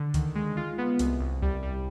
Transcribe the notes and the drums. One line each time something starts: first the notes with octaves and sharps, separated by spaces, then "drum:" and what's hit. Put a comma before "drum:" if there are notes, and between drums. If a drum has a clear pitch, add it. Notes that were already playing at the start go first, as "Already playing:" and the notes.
Already playing: D3
D#3, drum: kick C#2, hi-hat
G#3
F4
B3
C2, drum: hi-hat
C2
G3, drum: kick C#2
G3